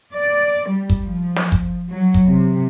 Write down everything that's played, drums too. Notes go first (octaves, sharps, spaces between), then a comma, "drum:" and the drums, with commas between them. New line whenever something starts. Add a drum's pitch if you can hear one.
D5
G3
drum: kick
F3
drum: snare
drum: kick
F#3
drum: kick
C3